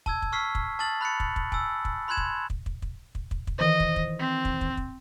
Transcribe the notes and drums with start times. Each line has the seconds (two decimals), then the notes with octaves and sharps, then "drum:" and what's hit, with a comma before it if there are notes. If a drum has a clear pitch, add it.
0.06 A5 E6 G#6, drum: kick
0.22 drum: kick
0.32 C#6 E6 F6 B6 C7
0.55 drum: kick
0.79 A5 D#6 F6 A6 F#7
1.01 B5 F#6 A6 C#7
1.20 drum: kick
1.36 drum: kick
1.52 G#5 E6, drum: kick
1.85 drum: kick
2.08 B5 C6 F#6 G#6 E7
2.17 drum: kick
2.50 drum: kick
2.66 drum: kick
2.82 drum: kick
3.15 drum: kick
3.31 drum: kick
3.47 drum: kick
3.59 D#3 E3 C5 D#5
3.80 drum: kick
3.96 drum: kick
4.19 C4
4.45 drum: kick
4.61 drum: kick
4.77 drum: kick